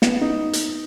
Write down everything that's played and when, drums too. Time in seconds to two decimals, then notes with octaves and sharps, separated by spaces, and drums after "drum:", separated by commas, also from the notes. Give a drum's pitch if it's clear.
0.02 B3, drum: snare
0.21 D#4
0.53 drum: hi-hat